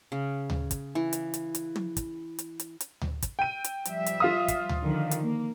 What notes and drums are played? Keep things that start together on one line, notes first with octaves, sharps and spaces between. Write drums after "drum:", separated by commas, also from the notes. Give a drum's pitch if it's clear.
C#3
drum: tom D2
drum: kick, hi-hat
E3
drum: hi-hat
drum: hi-hat
drum: hi-hat
drum: tom
drum: kick, hi-hat
drum: hi-hat
drum: hi-hat
drum: hi-hat
drum: tom D2
drum: kick, hi-hat
G5 D#7
drum: hi-hat
F3 G3 E5, drum: hi-hat
drum: hi-hat
F4 F5 D#6
drum: kick, hi-hat
drum: tom D2
D3 D#3 F3
drum: hi-hat
A#3